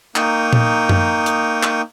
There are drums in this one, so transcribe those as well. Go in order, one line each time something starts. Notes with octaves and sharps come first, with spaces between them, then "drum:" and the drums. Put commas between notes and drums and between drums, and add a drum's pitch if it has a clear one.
A#3 D#4 G5 C#6 D#6, drum: clap
drum: tom A#2
drum: tom F#2
drum: hi-hat
drum: clap